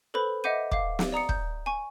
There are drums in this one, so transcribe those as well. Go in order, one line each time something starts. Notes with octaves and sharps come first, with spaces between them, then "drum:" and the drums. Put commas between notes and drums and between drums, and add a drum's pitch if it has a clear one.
A4 B4 C5 B5
D#5 E5 F#5 D6 G6 D#7
F5 D6, drum: kick
drum: snare
D5 A#5 D#6 C#7
G6, drum: kick
G#5 C#6